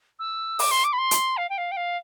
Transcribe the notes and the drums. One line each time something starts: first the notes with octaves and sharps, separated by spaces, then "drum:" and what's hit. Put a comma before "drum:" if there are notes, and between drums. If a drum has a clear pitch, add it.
E6
D6, drum: open hi-hat
C6
D6
B5
C6
drum: hi-hat
F5
G5
F5
G5
F5